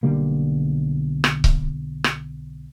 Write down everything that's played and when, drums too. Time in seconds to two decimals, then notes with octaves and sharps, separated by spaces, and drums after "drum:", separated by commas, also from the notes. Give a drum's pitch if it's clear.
0.03 B1 D3 G3 A#3
1.24 drum: rim click
1.44 drum: kick C#1
2.04 drum: rim click